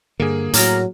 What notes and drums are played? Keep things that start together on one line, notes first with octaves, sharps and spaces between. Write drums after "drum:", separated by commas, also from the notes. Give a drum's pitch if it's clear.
G2 D3 A#3 G#4
A2 F#3 A#4, drum: hi-hat